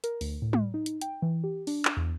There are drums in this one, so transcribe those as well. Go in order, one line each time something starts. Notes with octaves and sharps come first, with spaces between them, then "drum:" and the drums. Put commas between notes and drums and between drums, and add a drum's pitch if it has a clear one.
A#4, drum: hi-hat
D2, drum: open hi-hat
A2
drum: tom
D#4
drum: hi-hat
G5, drum: hi-hat
E3
G4
D4, drum: open hi-hat
drum: clap
E2